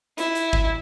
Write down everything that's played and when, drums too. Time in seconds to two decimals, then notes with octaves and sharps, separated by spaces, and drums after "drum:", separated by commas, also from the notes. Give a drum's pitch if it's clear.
0.18 E4, drum: hi-hat
0.35 drum: hi-hat
0.53 drum: kick